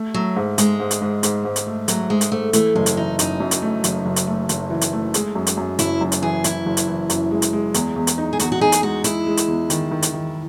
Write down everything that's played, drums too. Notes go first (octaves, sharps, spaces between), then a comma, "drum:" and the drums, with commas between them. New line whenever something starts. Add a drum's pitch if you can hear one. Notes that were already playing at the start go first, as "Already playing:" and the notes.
Already playing: A3
F#3 A3
G#2
G#2 G#3, drum: hi-hat
G#2
drum: hi-hat
G#2
G#2, drum: hi-hat
G#2
drum: hi-hat
A3
F#3 A3, drum: hi-hat
G#2 G#3
drum: hi-hat
G#2 A3
E3 A3, drum: hi-hat
F#1 G#3
drum: hi-hat
E3 D#4
F#2 D#4, drum: hi-hat
F#2
drum: hi-hat
A3
F#1, drum: hi-hat
F#1
drum: hi-hat
A3
F#1, drum: hi-hat
E3
drum: hi-hat
A3
G#3, drum: hi-hat
F#2
drum: hi-hat
F#2
F#1 E4, drum: hi-hat
F#2
drum: hi-hat
E3 G#4
E3 E4, drum: hi-hat
F#1
drum: hi-hat
E3
F#2, drum: hi-hat
G#3
drum: hi-hat
G#3
E2, drum: hi-hat
E2
drum: hi-hat
D#4
G#4
E2 F#4, drum: hi-hat
F#4
D#4 G#4
drum: hi-hat
G#3 F#4
G#3 E4, drum: hi-hat
G#3
drum: hi-hat
E2
D#3, drum: hi-hat
D#3
drum: hi-hat
D#3